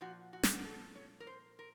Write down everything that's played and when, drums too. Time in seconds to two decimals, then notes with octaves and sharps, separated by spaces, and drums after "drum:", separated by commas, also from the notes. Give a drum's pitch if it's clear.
0.01 A#2 F3 F#4
0.33 F#4
0.43 drum: snare
0.64 A4
0.95 C#5
1.20 A#4
1.27 C5
1.59 A#4